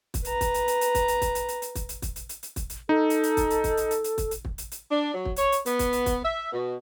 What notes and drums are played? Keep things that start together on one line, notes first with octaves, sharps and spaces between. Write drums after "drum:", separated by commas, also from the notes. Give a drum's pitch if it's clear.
drum: kick, hi-hat
B4 A#5, drum: hi-hat
drum: kick, hi-hat
drum: hi-hat
drum: hi-hat
drum: hi-hat
drum: kick, hi-hat
drum: hi-hat
drum: kick, hi-hat
drum: hi-hat
drum: hi-hat
drum: hi-hat
drum: kick, hi-hat
drum: hi-hat
drum: kick, hi-hat
drum: hi-hat
drum: hi-hat
drum: hi-hat
drum: kick, hi-hat
drum: hi-hat
D#4 A4
drum: hi-hat
drum: hi-hat
drum: kick, hi-hat
drum: hi-hat
drum: kick, hi-hat
drum: hi-hat
drum: hi-hat
drum: hi-hat
drum: kick, hi-hat
drum: hi-hat
drum: kick
drum: hi-hat
drum: hi-hat
D4
F#3
drum: kick
C#5, drum: hi-hat
drum: hi-hat
B3, drum: hi-hat
drum: kick, hi-hat
drum: hi-hat
drum: kick, hi-hat
E5
B2